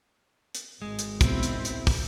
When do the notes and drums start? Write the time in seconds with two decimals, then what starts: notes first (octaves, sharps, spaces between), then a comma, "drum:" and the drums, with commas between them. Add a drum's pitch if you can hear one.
0.55 drum: hi-hat
0.82 G#1 G#3
0.99 drum: hi-hat
1.21 B2 C4 E4, drum: kick, hi-hat
1.43 drum: hi-hat
1.65 drum: hi-hat
1.87 drum: kick, open hi-hat